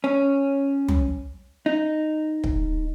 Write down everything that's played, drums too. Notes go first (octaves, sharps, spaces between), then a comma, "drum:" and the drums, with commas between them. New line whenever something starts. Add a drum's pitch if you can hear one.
C#4
drum: tom
D#4
drum: kick